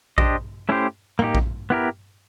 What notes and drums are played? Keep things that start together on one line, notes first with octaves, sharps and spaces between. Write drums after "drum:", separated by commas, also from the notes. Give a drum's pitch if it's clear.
D4 G4 C5 D#5, drum: kick A#1
A3 C#4 E4 G4 C5
A#3 D#4 G4, drum: tom A2
drum: kick A#1
B3 E4 G4 A#4